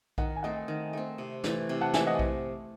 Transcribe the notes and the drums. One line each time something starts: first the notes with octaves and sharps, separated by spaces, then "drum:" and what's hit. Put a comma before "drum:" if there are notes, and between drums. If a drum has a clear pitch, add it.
D#3 D#5 F#5, drum: kick B1
G#5
A3 C4 D#5 F#5
D#3
A3 C4
C3
E3 A3, drum: snare
C3
F#5 A5
E3 A3 E5 G#5, drum: snare
D#5 F#5
drum: kick B1